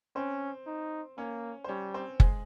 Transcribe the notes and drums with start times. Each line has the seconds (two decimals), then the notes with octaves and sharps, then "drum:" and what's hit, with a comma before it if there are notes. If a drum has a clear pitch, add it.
0.15 C4 C#4 C5
0.66 D#4
1.18 A#3 C#4 C#5
1.64 C5
1.68 G3 C#4 C#5
1.94 C4 C5
2.20 G#3 G#4, drum: kick F#1